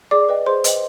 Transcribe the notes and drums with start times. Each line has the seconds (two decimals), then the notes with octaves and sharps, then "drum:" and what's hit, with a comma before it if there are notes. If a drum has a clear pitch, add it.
0.11 G#4 D5 D6
0.29 B4 D#5 G5
0.46 G#4 C5 C6
0.64 B4 D#5 G5, drum: hi-hat